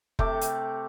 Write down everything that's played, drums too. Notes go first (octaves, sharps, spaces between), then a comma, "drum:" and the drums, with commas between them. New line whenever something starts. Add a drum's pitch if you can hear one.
C3 A3 G5 D6, drum: kick F1
drum: hi-hat